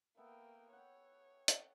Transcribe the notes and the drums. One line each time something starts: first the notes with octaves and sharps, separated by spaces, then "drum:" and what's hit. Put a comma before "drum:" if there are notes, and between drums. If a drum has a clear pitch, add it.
A#3 B3 A4 E5 G5
C#5 F#5 G5
drum: hi-hat